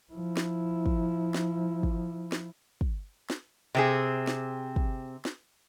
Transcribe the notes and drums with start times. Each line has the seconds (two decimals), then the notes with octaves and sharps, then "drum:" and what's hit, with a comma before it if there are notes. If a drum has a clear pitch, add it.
0.12 F3 E4
0.37 drum: snare
0.86 drum: kick
1.34 drum: snare
1.83 drum: kick
2.32 drum: snare
2.81 drum: kick
3.30 drum: snare
3.75 C3 C4 G#4
4.27 drum: snare
4.76 drum: kick
5.25 drum: snare